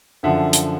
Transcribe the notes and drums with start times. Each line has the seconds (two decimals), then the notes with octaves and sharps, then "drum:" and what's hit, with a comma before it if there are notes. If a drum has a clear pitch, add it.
0.23 F#2 D3 F3 E5 F#5
0.53 drum: hi-hat